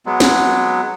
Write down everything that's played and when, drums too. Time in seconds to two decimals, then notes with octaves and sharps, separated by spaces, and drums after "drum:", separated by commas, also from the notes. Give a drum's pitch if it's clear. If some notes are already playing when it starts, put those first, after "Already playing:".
0.06 F#3 G#3 B3
0.20 drum: snare